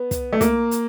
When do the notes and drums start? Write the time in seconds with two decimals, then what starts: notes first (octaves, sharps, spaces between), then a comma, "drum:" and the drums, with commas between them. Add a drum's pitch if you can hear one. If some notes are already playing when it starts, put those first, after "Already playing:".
Already playing: B3
0.11 drum: kick, hi-hat
0.33 A3
0.41 A#3, drum: kick, hi-hat
0.71 drum: hi-hat